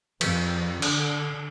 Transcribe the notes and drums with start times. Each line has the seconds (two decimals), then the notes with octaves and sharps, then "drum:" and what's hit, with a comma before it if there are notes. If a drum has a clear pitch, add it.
0.21 F2, drum: cymbal
0.82 D3, drum: cymbal